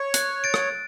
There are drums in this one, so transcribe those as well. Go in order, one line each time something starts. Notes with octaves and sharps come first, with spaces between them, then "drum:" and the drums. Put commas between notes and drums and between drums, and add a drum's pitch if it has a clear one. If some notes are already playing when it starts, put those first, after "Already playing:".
Already playing: C#5
F#6, drum: hi-hat
A6 D7
drum: rim click